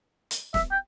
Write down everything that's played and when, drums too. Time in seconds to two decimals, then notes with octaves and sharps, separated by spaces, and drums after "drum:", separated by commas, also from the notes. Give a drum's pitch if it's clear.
0.31 drum: hi-hat
0.54 E5, drum: snare
0.71 G5